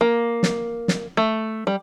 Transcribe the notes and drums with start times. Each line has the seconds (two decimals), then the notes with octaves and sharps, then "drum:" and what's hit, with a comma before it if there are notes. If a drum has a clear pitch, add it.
0.01 A#3
0.43 drum: snare
0.88 drum: snare
1.17 A3
1.67 G3